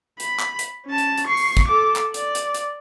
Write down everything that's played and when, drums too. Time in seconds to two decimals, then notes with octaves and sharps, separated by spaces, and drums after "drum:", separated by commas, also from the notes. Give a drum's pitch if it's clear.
0.20 B5, drum: hi-hat
0.39 drum: clap
0.59 drum: hi-hat
0.86 C#4 A5
0.98 drum: hi-hat
1.18 drum: hi-hat
1.27 C#6 C7
1.37 drum: open hi-hat
1.57 drum: kick, hi-hat
1.68 A4 D6
1.96 drum: clap
2.14 D5, drum: hi-hat
2.35 drum: hi-hat
2.54 drum: hi-hat